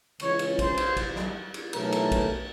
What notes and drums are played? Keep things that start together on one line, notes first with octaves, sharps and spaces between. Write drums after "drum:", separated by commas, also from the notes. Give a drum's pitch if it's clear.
C#2 C#3 E3 C#5, drum: cymbal
drum: cymbal
C5, drum: kick, cymbal
drum: cymbal
drum: kick, cymbal
drum: snare
drum: cymbal
B1 A2 E3 A3 A#4, drum: cymbal
drum: cymbal
drum: kick, cymbal